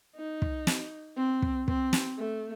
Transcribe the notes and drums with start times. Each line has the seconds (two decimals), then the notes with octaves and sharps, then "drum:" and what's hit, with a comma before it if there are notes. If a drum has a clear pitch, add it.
0.16 D#4
0.42 drum: kick
0.67 drum: snare
1.17 C4
1.42 drum: kick
1.68 C4, drum: kick
1.93 drum: snare
2.17 A3